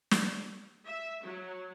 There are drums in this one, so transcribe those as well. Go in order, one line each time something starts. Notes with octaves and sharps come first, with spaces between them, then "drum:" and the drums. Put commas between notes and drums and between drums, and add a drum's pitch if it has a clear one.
drum: snare
E5
F#3